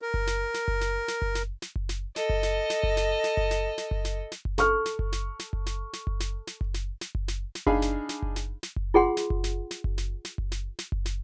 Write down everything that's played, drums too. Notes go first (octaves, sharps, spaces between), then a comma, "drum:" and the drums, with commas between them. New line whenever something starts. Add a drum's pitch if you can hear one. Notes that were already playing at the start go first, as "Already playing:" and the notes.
A#4
drum: kick F#1
drum: snare
drum: snare
drum: kick F#1
drum: snare
drum: snare
drum: kick F#1
drum: snare
drum: snare
drum: kick F#1
drum: snare
A4 D#5, drum: snare
drum: kick F#1
drum: snare
drum: snare
drum: kick F#1
drum: snare
drum: snare
drum: kick F#1
drum: snare
drum: snare
drum: kick F#1
drum: snare
drum: snare
drum: kick F#1
A4 C#6 F6, drum: snare
drum: snare
drum: kick F#1
drum: snare
drum: snare
drum: kick F#1
drum: snare
drum: snare
drum: kick F#1
drum: snare
drum: snare
drum: kick F#1
drum: snare
drum: snare
drum: kick F#1
drum: snare
drum: snare
D4 D#4 G#4 F5 G#5 B5, drum: kick F#1
drum: snare
drum: snare
drum: kick F#1
drum: snare
drum: snare
drum: kick F#1
F4 G#4 F#5 C6
drum: snare
drum: kick F#1
drum: snare
drum: snare
drum: kick F#1
drum: snare
drum: snare
drum: kick F#1
drum: snare
drum: snare
drum: kick F#1
drum: snare